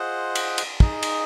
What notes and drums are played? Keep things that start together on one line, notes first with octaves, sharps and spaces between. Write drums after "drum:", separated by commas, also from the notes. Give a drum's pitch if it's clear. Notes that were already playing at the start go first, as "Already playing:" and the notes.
Already playing: F4 G#4 C5 D#5 F#5
drum: cymbal
drum: cymbal
D#4 G#4 D#5, drum: kick
drum: cymbal